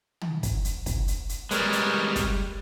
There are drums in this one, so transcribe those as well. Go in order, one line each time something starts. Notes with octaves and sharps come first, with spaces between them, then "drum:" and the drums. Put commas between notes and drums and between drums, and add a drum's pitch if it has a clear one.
drum: tom
drum: kick, hi-hat
drum: hi-hat
drum: kick, hi-hat
drum: hi-hat
drum: hi-hat
G3 G#3 A#4 B4 C#5, drum: hi-hat
drum: hi-hat
drum: kick, hi-hat